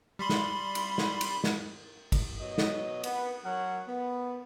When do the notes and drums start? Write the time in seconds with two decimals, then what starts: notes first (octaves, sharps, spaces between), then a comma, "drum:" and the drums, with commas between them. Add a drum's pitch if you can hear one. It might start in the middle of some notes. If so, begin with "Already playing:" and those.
0.19 G3 B5 C6
0.29 drum: snare
0.75 drum: cymbal
0.98 drum: snare
1.21 drum: cymbal
1.44 drum: snare
2.12 drum: kick, cymbal
2.40 B2 F#3 D#5
2.58 drum: snare
3.04 B3, drum: cymbal
3.44 F#3 A#4 C#5 F#5
3.86 B3